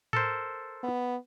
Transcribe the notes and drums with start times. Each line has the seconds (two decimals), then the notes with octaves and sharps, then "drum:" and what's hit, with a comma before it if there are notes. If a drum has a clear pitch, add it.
0.13 A4 A#4 C5, drum: tom A2
0.83 B3